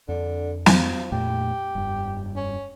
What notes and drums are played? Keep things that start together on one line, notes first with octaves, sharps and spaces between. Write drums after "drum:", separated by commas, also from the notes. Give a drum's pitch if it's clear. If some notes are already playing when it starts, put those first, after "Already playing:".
F2 D3 D4
F3, drum: snare
F2 A#2 A3 G4
F1 G2
C#4